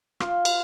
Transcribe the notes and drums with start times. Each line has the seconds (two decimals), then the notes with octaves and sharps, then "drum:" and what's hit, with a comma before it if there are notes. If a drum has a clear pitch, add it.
0.20 F4, drum: rim click
0.45 drum: cymbal